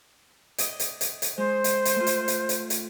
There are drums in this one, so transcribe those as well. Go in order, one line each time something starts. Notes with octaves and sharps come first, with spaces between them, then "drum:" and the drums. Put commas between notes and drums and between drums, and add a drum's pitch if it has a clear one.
D5 D#5, drum: hi-hat
drum: hi-hat
drum: hi-hat
drum: hi-hat
G#3 C5
drum: hi-hat
drum: hi-hat
A3 F4
drum: hi-hat
drum: hi-hat
drum: hi-hat
drum: hi-hat